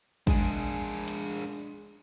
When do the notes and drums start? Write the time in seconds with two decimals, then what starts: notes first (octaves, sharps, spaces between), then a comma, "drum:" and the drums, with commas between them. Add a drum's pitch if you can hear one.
0.27 G#3 D4 G#4, drum: kick
1.08 drum: hi-hat